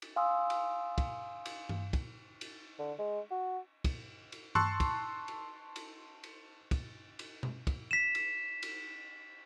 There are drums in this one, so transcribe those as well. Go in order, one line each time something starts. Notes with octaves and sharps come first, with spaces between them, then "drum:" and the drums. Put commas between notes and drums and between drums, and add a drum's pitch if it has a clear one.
drum: cymbal
F5 G#5 C6 D#6 E6
drum: cymbal
drum: kick, cymbal
drum: cymbal
drum: tom G2
drum: kick, cymbal
drum: cymbal
D3
G#3
F#4
drum: kick, cymbal
drum: cymbal
A5 C6 C#6 E6 F#6, drum: tom G2
drum: kick, cymbal
drum: cymbal
drum: cymbal
drum: cymbal
drum: kick, cymbal
drum: cymbal
drum: tom B2
drum: kick, cymbal
B6 E7
drum: cymbal
drum: cymbal